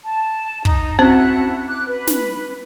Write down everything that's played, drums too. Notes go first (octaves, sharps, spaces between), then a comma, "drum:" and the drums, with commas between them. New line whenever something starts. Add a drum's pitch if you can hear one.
A5
D#4, drum: kick
C4 C#4 E4 F#4 C5 F#6
D6 F#6
B4
drum: snare